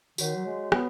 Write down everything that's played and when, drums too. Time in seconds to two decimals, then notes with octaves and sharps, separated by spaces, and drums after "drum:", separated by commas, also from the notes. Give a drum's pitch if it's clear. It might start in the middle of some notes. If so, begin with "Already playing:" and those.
0.18 D#3 F#4 C#5 F#5, drum: tambourine
0.35 F#3
0.46 G#3
0.72 B3, drum: rim click